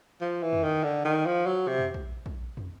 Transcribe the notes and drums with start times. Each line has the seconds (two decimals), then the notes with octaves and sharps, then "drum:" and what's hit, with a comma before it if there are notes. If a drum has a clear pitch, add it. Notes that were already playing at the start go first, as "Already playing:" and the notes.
0.22 F3
0.43 E3
0.53 drum: tom
0.64 D#3
0.84 D3
1.05 D#3
1.26 F3
1.47 F#3
1.68 C3
1.79 drum: tom
1.94 drum: kick
2.26 drum: kick
2.57 drum: tom